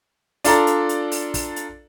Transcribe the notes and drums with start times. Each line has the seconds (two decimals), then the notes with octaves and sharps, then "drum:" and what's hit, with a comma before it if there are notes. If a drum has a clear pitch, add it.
0.44 D4 F4 A4 D5 A#5, drum: open hi-hat
0.67 drum: hi-hat
0.89 drum: hi-hat
1.12 drum: open hi-hat
1.34 drum: kick, open hi-hat
1.56 drum: hi-hat